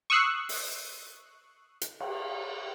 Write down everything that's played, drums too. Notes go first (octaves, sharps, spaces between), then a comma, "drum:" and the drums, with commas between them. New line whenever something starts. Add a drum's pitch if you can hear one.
C#6 D#6 E6 F#6 C7 C#7
drum: open hi-hat
drum: hi-hat
drum: cymbal